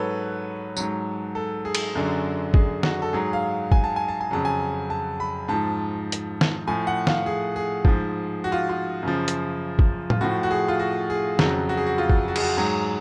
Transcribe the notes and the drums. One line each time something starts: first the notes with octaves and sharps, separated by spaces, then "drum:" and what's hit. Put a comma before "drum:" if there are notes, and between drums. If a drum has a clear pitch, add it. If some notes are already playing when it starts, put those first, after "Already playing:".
Already playing: G#2 F#3 A4 B4 C#5
G#2 F#3, drum: tambourine
A4
G#4
drum: cymbal
F#2 D3 F#3
G#4, drum: kick
F#4, drum: snare
A4
G#2 F#3 G#4
F5
G#5, drum: kick
A5
G#5
A5
G#5
F2 C#3 F#3 A5
G#5
A5
B5
G#2 F3 A5
drum: hi-hat
drum: snare
A2 F3 G#5
F#5
F5, drum: snare
G#4
G#4
G#2 F3, drum: kick
F#4
F4
F4
F#2 C#3 F3
drum: hi-hat
drum: kick
F4, drum: tom A2
A2 F3 F#4
F#4
G#4
F4
F#4
G#4
F2 C#3 F#3 F#4, drum: snare
F#4
G#4
F#4
F4
drum: kick
F#4
G#4, drum: cymbal
F#4
G#2 F#3 G#4